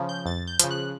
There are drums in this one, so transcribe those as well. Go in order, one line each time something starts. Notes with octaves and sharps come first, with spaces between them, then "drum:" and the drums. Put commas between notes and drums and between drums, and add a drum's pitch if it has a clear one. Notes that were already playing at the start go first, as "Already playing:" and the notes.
Already playing: C#3 F3
G6
F2 A6
G6
C#3 F3, drum: hi-hat
F#6